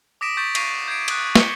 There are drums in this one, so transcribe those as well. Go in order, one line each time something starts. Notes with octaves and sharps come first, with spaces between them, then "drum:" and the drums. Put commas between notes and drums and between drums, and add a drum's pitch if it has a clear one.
D6 D#6 A#6 B6 D7 E7
C#6 G6 A6 B6 D7
C#6 A#6 C7 D#7 F7, drum: cymbal
G6 G#6 C7 D7
D#6 F#6, drum: cymbal
C#6 C#7 G7, drum: snare